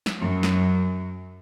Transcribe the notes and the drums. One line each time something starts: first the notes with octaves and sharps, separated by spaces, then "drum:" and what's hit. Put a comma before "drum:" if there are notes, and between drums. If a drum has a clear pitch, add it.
drum: snare
F#2
drum: snare